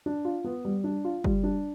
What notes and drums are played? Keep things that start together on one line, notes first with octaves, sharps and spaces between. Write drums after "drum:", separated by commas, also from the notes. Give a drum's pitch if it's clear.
D4
F4
B3
G3
D4
F4
G3, drum: kick F#1
D4